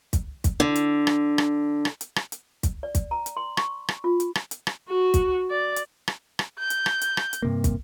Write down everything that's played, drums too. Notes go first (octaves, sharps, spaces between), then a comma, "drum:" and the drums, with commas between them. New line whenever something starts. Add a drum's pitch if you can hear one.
drum: kick, hi-hat
drum: kick, hi-hat
D3
drum: hi-hat
drum: rim click
drum: rim click
drum: rim click
drum: hi-hat
drum: rim click
drum: hi-hat
drum: kick, hi-hat
D5
drum: kick, hi-hat
A#5
drum: hi-hat
C6
C#6, drum: rim click
drum: rim click
F4
drum: hi-hat
drum: rim click
drum: hi-hat
drum: rim click
F#4
drum: kick, hi-hat
D5
drum: hi-hat
drum: rim click
drum: rim click
G6
drum: hi-hat
drum: rim click
drum: hi-hat
drum: rim click
drum: hi-hat
G2 C3 A#3
drum: kick, hi-hat